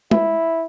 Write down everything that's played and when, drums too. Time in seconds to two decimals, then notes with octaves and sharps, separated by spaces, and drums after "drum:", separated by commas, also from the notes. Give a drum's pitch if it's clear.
0.11 E4, drum: tom G#3